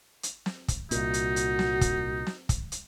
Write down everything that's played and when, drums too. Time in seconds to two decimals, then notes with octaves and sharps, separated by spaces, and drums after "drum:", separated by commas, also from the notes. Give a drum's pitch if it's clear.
0.23 drum: hi-hat
0.46 drum: snare
0.68 drum: kick, hi-hat
0.91 C2 A#2 D#4 F#4, drum: hi-hat
1.14 drum: hi-hat
1.36 drum: hi-hat
1.59 drum: snare
1.81 drum: kick, hi-hat
2.27 drum: snare
2.49 drum: kick, hi-hat
2.72 drum: hi-hat